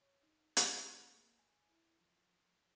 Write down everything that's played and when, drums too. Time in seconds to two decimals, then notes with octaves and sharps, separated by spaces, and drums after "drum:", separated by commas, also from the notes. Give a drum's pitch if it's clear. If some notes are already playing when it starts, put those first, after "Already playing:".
0.01 C#5
0.23 D#4
0.57 drum: hi-hat
0.89 A3
1.15 A#3
1.39 G#5
1.69 E4
2.01 F3